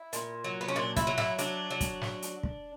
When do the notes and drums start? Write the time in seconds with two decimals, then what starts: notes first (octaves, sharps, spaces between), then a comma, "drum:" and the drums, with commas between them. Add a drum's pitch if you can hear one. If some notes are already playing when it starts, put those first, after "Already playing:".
Already playing: E4
0.13 A#2, drum: hi-hat
0.44 F#3
0.61 B3
0.68 C#4
0.76 A#2 D4
0.96 E4, drum: kick, hi-hat
1.07 F#3
1.18 E4, drum: snare
1.39 F#3 D4, drum: hi-hat
1.71 F#3
1.81 drum: kick, hi-hat
2.01 drum: snare
2.22 drum: hi-hat
2.43 drum: kick